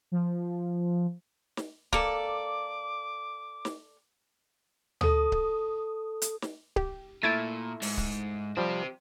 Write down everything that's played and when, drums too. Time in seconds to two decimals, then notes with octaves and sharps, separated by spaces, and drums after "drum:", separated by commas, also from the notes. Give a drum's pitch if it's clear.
0.12 F3
1.57 drum: snare
1.93 A#3 A4 D5 D6, drum: kick C#1
3.65 drum: snare
5.01 A4 D#6, drum: tom
5.32 drum: kick C#1
6.22 drum: hi-hat
6.42 drum: snare
6.76 G4, drum: kick C#1
7.23 A#2 A3 E4 G#6 A6 D7
7.82 G#2, drum: open hi-hat
7.98 drum: kick C#1
8.57 F3 G3 C4 G4